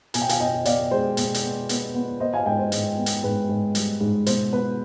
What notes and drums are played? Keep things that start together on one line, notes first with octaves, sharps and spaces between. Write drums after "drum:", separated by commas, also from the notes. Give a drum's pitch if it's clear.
B2 G#5, drum: hi-hat
G5
F5 G#5, drum: hi-hat
B2 D#5 G5
B2 D5 F5, drum: hi-hat
G#3 C5
B2, drum: hi-hat
drum: hi-hat
B3
B3, drum: hi-hat
B3
B3 C5 D#5
F5 G#5
G#2 D#5 G5
C5
G#2, drum: hi-hat
B3
drum: hi-hat
G#2 B4
G#2
G3, drum: hi-hat
G#2
B2 C5, drum: hi-hat
B3 B4